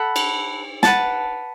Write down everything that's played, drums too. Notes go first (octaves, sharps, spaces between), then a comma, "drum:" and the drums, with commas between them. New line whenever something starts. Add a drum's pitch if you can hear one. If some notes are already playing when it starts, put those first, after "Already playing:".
Already playing: A4 F#5 B5
drum: cymbal
B4 F#5 A5, drum: snare